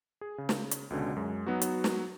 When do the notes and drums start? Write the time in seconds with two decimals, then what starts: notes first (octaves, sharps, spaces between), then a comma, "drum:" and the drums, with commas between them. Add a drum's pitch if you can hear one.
0.21 G#4
0.38 C#3
0.49 drum: snare
0.71 drum: hi-hat
0.90 C#2 B2 D3 C#4
1.16 F#2 G#3
1.46 F#3 B3 D#4 F#4
1.62 drum: hi-hat
1.84 drum: snare